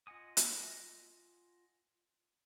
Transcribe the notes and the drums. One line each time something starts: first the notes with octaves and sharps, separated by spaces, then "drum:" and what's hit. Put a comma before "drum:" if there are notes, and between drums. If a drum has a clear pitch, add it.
F4 D#5 F#5 G#5 D#6
drum: hi-hat